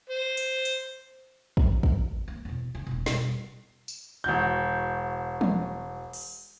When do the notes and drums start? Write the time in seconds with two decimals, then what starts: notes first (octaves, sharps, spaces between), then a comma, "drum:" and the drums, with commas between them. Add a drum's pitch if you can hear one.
0.10 C5
0.37 drum: hi-hat
0.65 drum: hi-hat
1.57 drum: kick
1.83 drum: kick
2.28 A#3
2.45 E2 B2
2.75 C#3
2.87 E1 B2
3.06 B2 G3, drum: snare
3.88 drum: tambourine
4.24 E1 F#4 G6
5.41 drum: tom
6.13 drum: open hi-hat